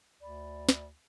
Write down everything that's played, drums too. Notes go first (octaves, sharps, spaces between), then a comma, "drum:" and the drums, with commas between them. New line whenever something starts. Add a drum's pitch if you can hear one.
D2 D5 B5
drum: snare